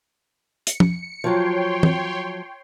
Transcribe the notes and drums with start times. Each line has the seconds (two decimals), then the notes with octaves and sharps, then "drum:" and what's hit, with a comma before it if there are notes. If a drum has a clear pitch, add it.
0.67 C#7, drum: hi-hat
0.80 drum: tom
1.24 F3 F#3 C#5 G5 C6
1.83 drum: tom